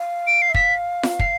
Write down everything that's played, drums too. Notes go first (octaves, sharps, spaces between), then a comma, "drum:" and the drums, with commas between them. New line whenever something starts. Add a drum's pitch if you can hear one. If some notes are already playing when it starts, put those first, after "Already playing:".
Already playing: F5
D7
C7
E5
F5 B6, drum: kick
drum: snare F4
C7, drum: kick